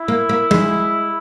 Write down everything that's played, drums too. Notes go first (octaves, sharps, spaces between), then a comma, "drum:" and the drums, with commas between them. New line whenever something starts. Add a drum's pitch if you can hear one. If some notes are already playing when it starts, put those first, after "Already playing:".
Already playing: E4
A#3
A#3
G#3, drum: tom F#3